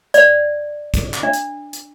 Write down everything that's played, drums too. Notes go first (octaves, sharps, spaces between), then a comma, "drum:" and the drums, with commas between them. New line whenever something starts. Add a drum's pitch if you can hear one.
D5, drum: hi-hat
drum: kick, hi-hat
drum: clap
D4
drum: hi-hat
drum: hi-hat